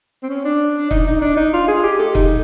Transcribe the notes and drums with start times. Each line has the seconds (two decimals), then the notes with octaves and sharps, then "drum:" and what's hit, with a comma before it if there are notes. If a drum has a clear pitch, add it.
0.23 C4
0.30 C#4
0.45 D4
0.91 D#4, drum: kick
1.07 D#4
1.22 D4
1.37 D#4
1.54 F4
1.68 G#4
1.83 G4
1.99 A4
2.15 D#4, drum: kick